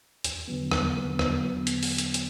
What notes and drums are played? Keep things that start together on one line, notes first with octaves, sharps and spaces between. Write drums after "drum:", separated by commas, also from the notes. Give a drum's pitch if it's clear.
E2, drum: hi-hat
D3 F#3 B3
E2, drum: rim click
D3 F#3 B3
E2, drum: rim click
D3 F#3 B3
drum: hi-hat
drum: open hi-hat
drum: hi-hat
drum: hi-hat